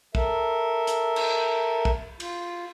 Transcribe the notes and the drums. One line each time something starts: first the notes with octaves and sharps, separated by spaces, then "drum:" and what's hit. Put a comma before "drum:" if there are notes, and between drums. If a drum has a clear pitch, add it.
A4 A#4 E5, drum: kick
drum: hi-hat
drum: cymbal
drum: kick
F4, drum: cymbal